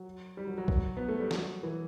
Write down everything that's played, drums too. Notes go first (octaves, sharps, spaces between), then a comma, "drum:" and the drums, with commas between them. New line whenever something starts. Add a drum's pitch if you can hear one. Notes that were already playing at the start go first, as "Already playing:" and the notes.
Already playing: F#3
G3
F#3
F#3
drum: kick
B3
A3
G3
F#3, drum: snare
E3